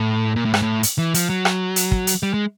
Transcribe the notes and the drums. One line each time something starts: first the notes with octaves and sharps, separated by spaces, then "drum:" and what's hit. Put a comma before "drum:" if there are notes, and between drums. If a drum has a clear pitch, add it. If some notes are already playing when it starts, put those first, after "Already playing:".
Already playing: A2
A#2
A2
G#2, drum: rim click
A2
drum: hi-hat
E3
F3, drum: hi-hat
F#3
drum: rim click
drum: hi-hat
drum: kick
drum: hi-hat
G3
G#3